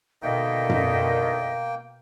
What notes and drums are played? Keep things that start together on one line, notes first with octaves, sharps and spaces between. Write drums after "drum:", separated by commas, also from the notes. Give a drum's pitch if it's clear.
B2 D3 D#3 A#3 D#5 E5 G5
drum: tom F#2